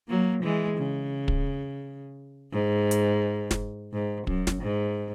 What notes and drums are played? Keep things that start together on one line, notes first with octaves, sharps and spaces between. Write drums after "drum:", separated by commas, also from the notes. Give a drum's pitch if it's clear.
F#3 A#3
E3 G#3
C#3
drum: kick
G#2
drum: hi-hat
drum: snare
G#2
F#2, drum: kick
drum: snare
G#2